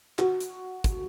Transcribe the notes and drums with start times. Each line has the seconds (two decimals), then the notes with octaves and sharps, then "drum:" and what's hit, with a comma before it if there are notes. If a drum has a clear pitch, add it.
0.19 F#4, drum: clap
0.40 drum: hi-hat
0.84 drum: kick, hi-hat